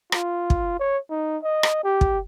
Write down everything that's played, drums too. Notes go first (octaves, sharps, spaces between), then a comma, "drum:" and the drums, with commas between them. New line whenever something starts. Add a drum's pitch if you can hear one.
F4, drum: rim click
drum: kick
C#5
D#4
D#5
drum: rim click
G4
drum: kick